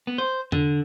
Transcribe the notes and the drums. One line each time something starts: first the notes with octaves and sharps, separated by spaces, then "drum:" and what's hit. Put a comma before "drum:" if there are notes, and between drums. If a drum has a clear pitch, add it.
B3
C5
D3, drum: tom E2